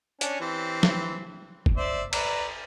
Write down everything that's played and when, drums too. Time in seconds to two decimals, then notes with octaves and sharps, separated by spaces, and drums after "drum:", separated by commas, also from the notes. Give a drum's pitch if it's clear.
0.21 C#4 D4 G#5, drum: hi-hat
0.40 E3 C4 G4
0.83 drum: snare
1.66 drum: kick
1.77 C5 D5 E5
2.13 B4 D5 A#5, drum: cymbal